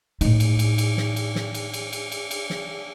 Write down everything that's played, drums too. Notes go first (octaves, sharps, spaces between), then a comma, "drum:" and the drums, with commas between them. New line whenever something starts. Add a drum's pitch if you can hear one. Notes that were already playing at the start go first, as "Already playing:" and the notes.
A2 D#4, drum: cymbal
drum: cymbal
drum: cymbal
drum: cymbal
drum: snare
drum: cymbal
drum: snare
drum: cymbal
drum: cymbal
drum: cymbal
drum: cymbal
drum: cymbal
drum: snare